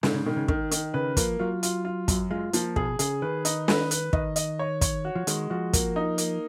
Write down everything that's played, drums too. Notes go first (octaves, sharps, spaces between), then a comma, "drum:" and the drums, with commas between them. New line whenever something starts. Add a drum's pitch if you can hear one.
G#2 C#3, drum: snare
C#3
B2 D#3
C#3
D#3, drum: kick
D#3, drum: hi-hat
C#3 B4
F3 A#3, drum: kick, hi-hat
F#3 F4
F4, drum: hi-hat
F4
F#2, drum: kick, hi-hat
G#3 F4
F3 A#3, drum: hi-hat
B2 G#4, drum: kick
C#3 G#4, drum: hi-hat
D#3 B4
D#4, drum: hi-hat
B4, drum: snare
B4, drum: hi-hat
D#3 D#5, drum: kick
D#5, drum: hi-hat
C#5
C#5, drum: kick, hi-hat
F#4
F3
D#3 G#3, drum: hi-hat
F3 F#4
A#3, drum: kick, hi-hat
D#4
A#3, drum: hi-hat